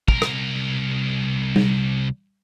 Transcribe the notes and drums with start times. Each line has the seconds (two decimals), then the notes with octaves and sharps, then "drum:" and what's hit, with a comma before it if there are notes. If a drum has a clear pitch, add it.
0.08 C2 A#4, drum: kick
0.22 drum: rim click
1.56 drum: tom G3